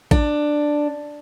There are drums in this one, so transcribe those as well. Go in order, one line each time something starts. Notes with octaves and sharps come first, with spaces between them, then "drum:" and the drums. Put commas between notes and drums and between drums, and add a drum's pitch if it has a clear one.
D4, drum: kick